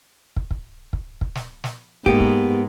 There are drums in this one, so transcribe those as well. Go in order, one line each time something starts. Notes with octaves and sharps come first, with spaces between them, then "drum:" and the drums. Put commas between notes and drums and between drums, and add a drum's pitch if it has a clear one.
drum: kick
drum: kick
drum: kick
drum: kick
drum: snare
drum: snare
G#2 A#3 B3 G4, drum: kick
drum: kick